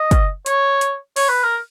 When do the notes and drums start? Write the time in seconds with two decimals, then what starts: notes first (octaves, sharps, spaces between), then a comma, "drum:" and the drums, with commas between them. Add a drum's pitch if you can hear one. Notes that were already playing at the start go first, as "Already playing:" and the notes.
Already playing: D#5
0.11 drum: kick, hi-hat
0.46 C#5, drum: hi-hat
0.81 drum: hi-hat
1.16 C#5, drum: open hi-hat
1.29 B4
1.43 A#4